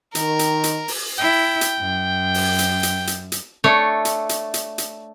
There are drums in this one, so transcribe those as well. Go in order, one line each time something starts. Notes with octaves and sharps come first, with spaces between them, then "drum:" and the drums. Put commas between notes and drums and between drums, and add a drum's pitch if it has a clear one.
D#3 A#4, drum: hi-hat
drum: hi-hat
drum: hi-hat
drum: open hi-hat
E4 G5
drum: hi-hat
F#2
drum: open hi-hat
drum: hi-hat
drum: hi-hat
drum: hi-hat
drum: hi-hat
A3 D4 C#5
drum: hi-hat
drum: hi-hat
drum: hi-hat
drum: hi-hat